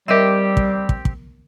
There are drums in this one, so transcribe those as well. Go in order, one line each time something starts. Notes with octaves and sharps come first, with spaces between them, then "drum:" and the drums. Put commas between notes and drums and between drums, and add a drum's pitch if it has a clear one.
G3 C4 G4 A#4 D#5 E5
drum: kick
drum: kick
drum: kick